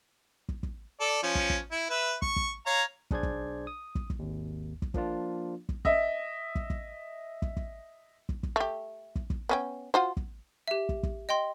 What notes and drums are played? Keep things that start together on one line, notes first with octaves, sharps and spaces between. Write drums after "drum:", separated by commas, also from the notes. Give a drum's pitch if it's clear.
drum: kick
drum: kick
A4 D5
F3 C#4
drum: kick
drum: kick
E4
B4 E5
C#6, drum: kick
drum: kick
C#5 F5 A#5
B1 D4 G#4 C5 D5 G#6, drum: kick
drum: kick
D#6
drum: kick
drum: kick
G#1 D#2
drum: kick
F3 A#3 D4 F4, drum: kick
drum: kick
D#5 E5, drum: kick
drum: kick
drum: kick
drum: kick
drum: kick
drum: kick
drum: kick
A3 G4
drum: kick
drum: kick
B3 C#4 G5
F4 F#4 C5
drum: kick
G4 E5
drum: kick
drum: kick
D#5 G5 C6